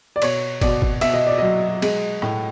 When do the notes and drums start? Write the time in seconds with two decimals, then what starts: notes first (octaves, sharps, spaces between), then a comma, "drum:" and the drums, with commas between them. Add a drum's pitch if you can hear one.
0.16 D5
0.22 B2 C#5, drum: cymbal
0.61 B2 D5, drum: kick, cymbal
0.82 drum: kick
1.01 B2 E5, drum: cymbal
1.14 D#5
1.27 D5
1.38 F#3 D#5
1.82 G#3, drum: cymbal
2.22 A2, drum: rim click